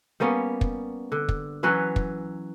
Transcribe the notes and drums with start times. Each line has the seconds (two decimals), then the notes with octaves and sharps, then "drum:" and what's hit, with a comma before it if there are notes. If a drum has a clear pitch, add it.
0.20 G3 A#3 B3 C#4
0.61 drum: kick
1.12 D3
1.29 drum: kick
1.63 E3 F#3 C#4 B4
1.96 drum: kick